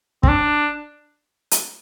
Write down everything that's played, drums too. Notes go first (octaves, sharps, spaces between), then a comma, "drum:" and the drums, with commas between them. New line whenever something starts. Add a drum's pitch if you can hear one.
C4, drum: kick
D4
drum: hi-hat